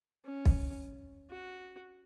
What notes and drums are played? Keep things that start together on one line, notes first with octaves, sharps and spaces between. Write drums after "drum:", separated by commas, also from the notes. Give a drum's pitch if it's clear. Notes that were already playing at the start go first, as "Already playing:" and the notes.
C#4
drum: kick
F#4